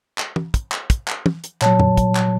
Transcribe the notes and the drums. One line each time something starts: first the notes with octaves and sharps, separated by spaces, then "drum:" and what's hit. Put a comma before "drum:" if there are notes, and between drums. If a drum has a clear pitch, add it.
drum: clap
drum: tom
drum: kick, hi-hat
drum: clap
drum: kick, hi-hat
drum: clap
drum: tom
drum: hi-hat
A#2 F#3 C#5 A5, drum: clap
drum: tom F2
drum: kick, hi-hat
drum: clap